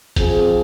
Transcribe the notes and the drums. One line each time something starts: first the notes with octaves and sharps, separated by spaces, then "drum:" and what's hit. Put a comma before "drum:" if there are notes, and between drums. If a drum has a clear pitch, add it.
F3 C4 G#4, drum: kick, hi-hat